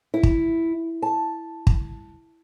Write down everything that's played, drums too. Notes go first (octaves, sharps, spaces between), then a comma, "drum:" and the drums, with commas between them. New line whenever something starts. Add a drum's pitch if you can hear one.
E4
drum: kick
A5
drum: kick